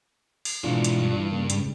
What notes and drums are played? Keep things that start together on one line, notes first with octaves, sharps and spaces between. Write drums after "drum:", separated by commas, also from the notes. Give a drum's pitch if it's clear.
drum: open hi-hat
G#2 B2 E3 D4 F4
drum: hi-hat
G2
E3
C#3 A#3
G#2 C#3, drum: hi-hat